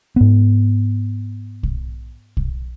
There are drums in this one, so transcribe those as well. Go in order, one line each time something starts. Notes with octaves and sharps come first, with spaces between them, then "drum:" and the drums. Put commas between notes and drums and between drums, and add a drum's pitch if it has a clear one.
G#2 B3
drum: kick
drum: kick